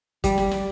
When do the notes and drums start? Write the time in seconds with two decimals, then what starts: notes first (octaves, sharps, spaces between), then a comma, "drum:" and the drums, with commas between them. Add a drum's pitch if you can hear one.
0.24 G3, drum: kick, hi-hat
0.38 drum: snare
0.51 drum: snare